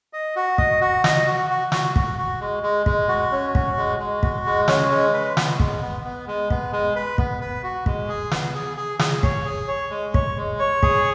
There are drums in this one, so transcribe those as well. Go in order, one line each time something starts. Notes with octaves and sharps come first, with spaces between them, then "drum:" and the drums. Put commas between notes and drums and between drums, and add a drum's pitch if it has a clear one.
D#5
F#4
D#5, drum: kick
F#4
D#5, drum: snare
F#4
F#4
F#4, drum: snare
F#4, drum: kick
F#4
G#3
G#3
G#3, drum: kick
F#4
C#4
F#4, drum: kick
G#3
G#3
F#4, drum: kick
G#3
C#4, drum: snare
G#3
B4
B3, drum: snare
G#3, drum: kick
B3
B3
G#3
B3, drum: kick
G#3
B4
B3, drum: kick
B4
F#4
G#3, drum: kick
G#4
B3, drum: snare
G#4
G#4
G#4, drum: snare
C#5, drum: kick
G#4
C#5
G#3
C#5, drum: kick
G#3
C#5
G#4, drum: kick